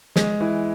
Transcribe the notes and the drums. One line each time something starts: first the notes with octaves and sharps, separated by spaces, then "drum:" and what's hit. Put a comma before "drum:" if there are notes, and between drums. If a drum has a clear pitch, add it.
G#3, drum: snare
E3